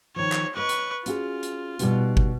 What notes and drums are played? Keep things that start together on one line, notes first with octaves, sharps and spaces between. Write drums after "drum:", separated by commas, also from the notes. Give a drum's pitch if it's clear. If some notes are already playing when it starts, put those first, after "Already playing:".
D#3 F3 C#5
drum: clap
B4 C#5 D#5 C#6
drum: hi-hat
C#4 F4 F#4 G#4, drum: hi-hat
drum: hi-hat
B2 G3 D#4 F#4, drum: hi-hat
drum: kick